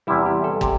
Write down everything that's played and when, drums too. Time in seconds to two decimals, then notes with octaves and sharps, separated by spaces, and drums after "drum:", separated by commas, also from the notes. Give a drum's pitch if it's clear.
0.07 E2 C3 G3 E4
0.26 G4
0.44 A4
0.61 C3 G4, drum: kick